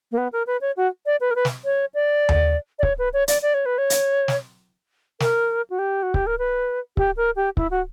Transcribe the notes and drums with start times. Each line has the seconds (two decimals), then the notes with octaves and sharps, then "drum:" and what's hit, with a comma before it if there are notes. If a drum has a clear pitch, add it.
0.12 A#3
0.18 B3
0.33 A#4
0.47 B4
0.61 C#5
0.77 F#4
1.06 D5
1.21 B4
1.31 A#4
1.36 B4
1.45 drum: snare
1.65 C#5
1.94 D5
2.29 drum: tom D#2
2.79 D5
2.83 C#5, drum: kick C#1
2.99 B4
3.13 C#5
3.28 D5, drum: hi-hat
3.42 D5
3.54 C#5
3.66 B4
3.78 C#5
3.90 drum: hi-hat
4.28 drum: snare
5.20 A#4, drum: snare
5.70 F#4
5.79 G4
6.03 F#4
6.14 G4, drum: kick C#1
6.27 A#4
6.38 B4
6.97 G4, drum: kick C#1
7.17 A#4
7.36 G4
7.57 E4, drum: kick C#1
7.71 F#4